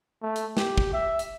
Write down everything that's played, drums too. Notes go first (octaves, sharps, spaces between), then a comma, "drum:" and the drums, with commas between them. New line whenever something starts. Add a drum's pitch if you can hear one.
A3
drum: hi-hat
G4, drum: snare
drum: kick
E5
drum: hi-hat